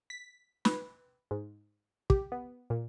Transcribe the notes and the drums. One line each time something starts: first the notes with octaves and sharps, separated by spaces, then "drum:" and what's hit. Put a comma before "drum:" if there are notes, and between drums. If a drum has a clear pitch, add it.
B6
B4, drum: snare
G#2
G4, drum: kick
B3
A#2